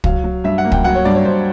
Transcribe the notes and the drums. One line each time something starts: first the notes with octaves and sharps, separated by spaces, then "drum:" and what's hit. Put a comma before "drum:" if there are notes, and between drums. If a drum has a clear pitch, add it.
F#3 F5, drum: kick
F#3
G2 E5
F#5
A#3
G5, drum: kick
F#3 F#5
C#5
G2 D5
C#5
G2 C5